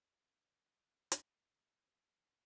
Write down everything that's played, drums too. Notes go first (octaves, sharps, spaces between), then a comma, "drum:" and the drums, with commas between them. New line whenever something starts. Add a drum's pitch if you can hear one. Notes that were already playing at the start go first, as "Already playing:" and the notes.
F#3 D4 G4
drum: hi-hat